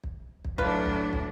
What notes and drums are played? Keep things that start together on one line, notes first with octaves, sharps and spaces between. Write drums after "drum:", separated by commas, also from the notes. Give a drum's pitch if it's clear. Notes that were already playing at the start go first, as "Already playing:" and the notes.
drum: kick
drum: kick
A2 F#3 D4 F4 B4, drum: kick
drum: kick
drum: kick